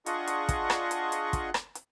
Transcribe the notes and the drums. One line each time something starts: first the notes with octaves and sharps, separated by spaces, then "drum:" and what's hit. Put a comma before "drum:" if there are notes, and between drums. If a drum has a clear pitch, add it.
D4 F4 G#4 D#5 F#5 C#6, drum: hi-hat
drum: hi-hat
drum: kick, hi-hat
drum: rim click
drum: hi-hat
drum: hi-hat
drum: kick, hi-hat
drum: rim click
drum: hi-hat